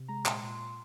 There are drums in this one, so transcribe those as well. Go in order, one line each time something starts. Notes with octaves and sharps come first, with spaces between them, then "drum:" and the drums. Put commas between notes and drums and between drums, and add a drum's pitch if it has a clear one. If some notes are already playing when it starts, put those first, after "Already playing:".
Already playing: C3
G#3 A#5
A#2 C6, drum: clap
A#2
A#2